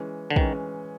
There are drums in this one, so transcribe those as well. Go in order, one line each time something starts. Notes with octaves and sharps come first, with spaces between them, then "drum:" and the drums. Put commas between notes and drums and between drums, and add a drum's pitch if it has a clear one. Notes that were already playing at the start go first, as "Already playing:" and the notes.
Already playing: E3 G#3 C#4
D3
D#3 E3 G#3 C#4, drum: kick